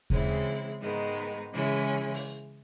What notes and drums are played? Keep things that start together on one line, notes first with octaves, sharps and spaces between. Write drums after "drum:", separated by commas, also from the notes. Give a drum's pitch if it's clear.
C#3 E3 G#3 C4 E4, drum: kick D#2
G#2 D#3 G#3 B3 D#4
C#3 E3 G#3 C#4 E4
drum: open hi-hat